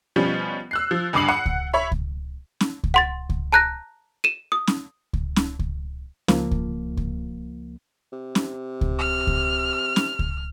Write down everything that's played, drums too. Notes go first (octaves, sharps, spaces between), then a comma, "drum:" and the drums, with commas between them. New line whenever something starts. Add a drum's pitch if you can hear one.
B2 F3 G3 C#4
E6 F#6 C7
F3
C#2 G2 D3 D6 C7 F#7
F#5
drum: kick C#2
C#5 E5 B5
drum: kick C#2
drum: snare
drum: kick C#2
F#5 C6 A6
drum: kick C#2
A5 A#5 F#6 G6 A#6
D#7 E7
D#6
drum: snare
drum: kick C#2
drum: snare
drum: kick C#2
C#2 F3 A#3, drum: snare
drum: kick C#2
drum: kick C#2
C3
drum: snare
drum: kick C#2
F6
drum: kick C#2
drum: snare
drum: kick C#2